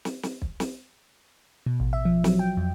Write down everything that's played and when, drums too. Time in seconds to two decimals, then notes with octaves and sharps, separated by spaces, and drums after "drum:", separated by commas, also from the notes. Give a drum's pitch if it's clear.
0.05 drum: snare
0.23 drum: snare
0.42 drum: kick
0.60 drum: snare
1.66 B2
1.80 A1
1.93 E5
2.05 F3
2.24 F#3, drum: snare
2.39 G5
2.57 F2